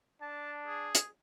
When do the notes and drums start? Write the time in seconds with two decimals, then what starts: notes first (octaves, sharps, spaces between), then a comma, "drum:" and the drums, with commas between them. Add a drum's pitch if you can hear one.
0.22 D4 A5
0.66 G#4
0.95 drum: hi-hat